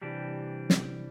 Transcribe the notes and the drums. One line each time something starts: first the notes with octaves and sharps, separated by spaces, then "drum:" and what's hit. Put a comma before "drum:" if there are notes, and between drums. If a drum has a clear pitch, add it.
C3 E3 G3 D4 G4
drum: snare